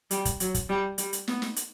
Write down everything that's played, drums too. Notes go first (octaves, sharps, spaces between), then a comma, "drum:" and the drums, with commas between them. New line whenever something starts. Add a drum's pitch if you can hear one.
G3, drum: hi-hat
drum: kick, hi-hat
F#3, drum: hi-hat
drum: kick, hi-hat
G3
G3, drum: hi-hat
drum: hi-hat
B3, drum: snare
drum: snare
drum: hi-hat